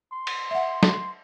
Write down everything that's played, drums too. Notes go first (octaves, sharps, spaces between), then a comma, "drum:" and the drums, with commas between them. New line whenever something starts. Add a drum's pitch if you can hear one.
C6
drum: cymbal
E5 F#5
drum: snare